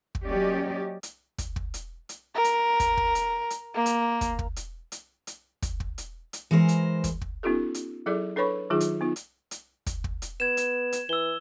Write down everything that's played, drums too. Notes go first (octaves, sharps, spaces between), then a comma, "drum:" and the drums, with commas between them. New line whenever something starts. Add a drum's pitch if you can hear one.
drum: kick
F#3 A#3 C#4 G4 D5 D#5
drum: hi-hat
drum: kick, hi-hat
drum: kick
drum: hi-hat
drum: hi-hat
A#4
drum: hi-hat
drum: kick, hi-hat
drum: kick
drum: hi-hat
drum: hi-hat
A#3
drum: hi-hat
drum: kick, hi-hat
drum: kick
drum: hi-hat
drum: hi-hat
drum: hi-hat
drum: kick, hi-hat
drum: kick
drum: hi-hat
drum: hi-hat
E3 G#3 A#4 C5
drum: hi-hat
drum: kick, hi-hat
drum: kick
B3 C#4 D#4 F4 G4 A4
drum: hi-hat
F#3 E4 G#4 A4 D5 D6
D4 A4 B4 C#5 B5 C#6
D#3 F#3 D#4 F4 G#4
drum: hi-hat
B3 D#4 F4
drum: hi-hat
drum: hi-hat
drum: kick, hi-hat
drum: kick
drum: hi-hat
B3 G#6 E7
drum: hi-hat
drum: hi-hat
E3 E6 G7